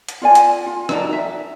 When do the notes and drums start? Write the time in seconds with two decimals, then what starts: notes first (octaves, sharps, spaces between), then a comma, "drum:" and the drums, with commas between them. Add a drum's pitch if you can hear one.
0.09 drum: hi-hat
0.22 F4 D5 G#5
0.35 drum: hi-hat
0.66 F4
0.89 D#4 F#4 D5 A#5, drum: rim click
1.13 E5